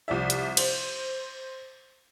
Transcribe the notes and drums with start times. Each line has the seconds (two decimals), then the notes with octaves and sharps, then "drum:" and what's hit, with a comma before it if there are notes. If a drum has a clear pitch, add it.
0.08 C2 F3 D5 E5
0.30 drum: hi-hat
0.57 C5, drum: cymbal